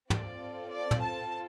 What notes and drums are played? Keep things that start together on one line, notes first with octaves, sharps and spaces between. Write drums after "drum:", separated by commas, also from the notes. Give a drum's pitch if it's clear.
C4 F4 A4 D5, drum: tom
D5
drum: tom
A5